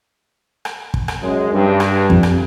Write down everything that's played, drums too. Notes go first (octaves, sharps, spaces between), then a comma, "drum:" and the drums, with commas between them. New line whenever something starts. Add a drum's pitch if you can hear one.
drum: rim click
drum: kick
drum: rim click
F#2 G#3
G2
drum: rim click
F2, drum: kick
drum: rim click